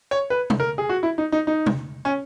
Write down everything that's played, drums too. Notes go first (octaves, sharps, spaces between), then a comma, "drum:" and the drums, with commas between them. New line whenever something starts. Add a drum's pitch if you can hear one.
C#5
B4
drum: tom
A#4
G#4
F#4
E4
D#4
D#4
D#4
drum: tom
C#4